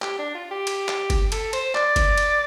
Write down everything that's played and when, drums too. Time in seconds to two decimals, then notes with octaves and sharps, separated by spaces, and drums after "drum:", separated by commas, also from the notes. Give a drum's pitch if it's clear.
0.02 G4, drum: clap
0.19 D4
0.35 F4
0.51 G4
0.67 drum: cymbal
0.88 drum: clap
1.10 drum: kick F#1, cymbal
1.32 A4, drum: cymbal
1.53 C5, drum: cymbal
1.75 D5, drum: clap
1.96 drum: kick F#1, cymbal
2.18 drum: cymbal